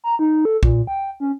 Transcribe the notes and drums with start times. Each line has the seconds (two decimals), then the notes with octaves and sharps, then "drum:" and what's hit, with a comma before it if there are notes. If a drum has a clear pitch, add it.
0.04 A#5
0.19 D#4
0.45 A4
0.63 A#2, drum: kick
0.87 G5
1.20 C#4